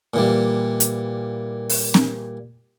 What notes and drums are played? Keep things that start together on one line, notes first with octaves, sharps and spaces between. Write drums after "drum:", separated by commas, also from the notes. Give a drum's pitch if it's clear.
A#2 E3 G3
drum: hi-hat
drum: open hi-hat
drum: snare C4